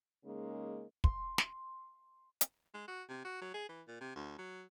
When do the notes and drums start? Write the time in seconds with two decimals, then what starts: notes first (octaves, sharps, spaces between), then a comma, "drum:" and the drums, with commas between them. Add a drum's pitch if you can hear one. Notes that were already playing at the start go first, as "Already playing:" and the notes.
0.25 C#3 G#3 A#3 D#4
1.04 C6, drum: kick
1.38 drum: snare
2.41 drum: hi-hat
2.74 G#3
2.88 F#4
3.09 C3
3.25 F#4
3.41 F#3
3.54 G#4
3.69 E3
3.88 A#2
4.01 C3
4.16 D2
4.38 F#3